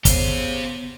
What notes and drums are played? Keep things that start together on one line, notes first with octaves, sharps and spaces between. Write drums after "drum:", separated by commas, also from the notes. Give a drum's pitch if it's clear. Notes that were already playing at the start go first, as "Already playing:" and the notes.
C#3 B3 G4 C5 C6, drum: kick, hi-hat